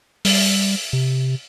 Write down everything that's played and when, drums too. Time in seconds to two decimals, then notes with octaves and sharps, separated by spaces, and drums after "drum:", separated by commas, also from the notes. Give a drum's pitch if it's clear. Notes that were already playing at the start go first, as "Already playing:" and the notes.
0.25 G3, drum: open hi-hat
0.93 C3